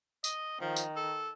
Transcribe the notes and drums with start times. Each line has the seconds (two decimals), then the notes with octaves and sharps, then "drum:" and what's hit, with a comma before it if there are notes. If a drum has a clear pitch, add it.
0.24 D#5, drum: tambourine
0.61 D#3 F3
0.76 drum: tambourine
0.96 A4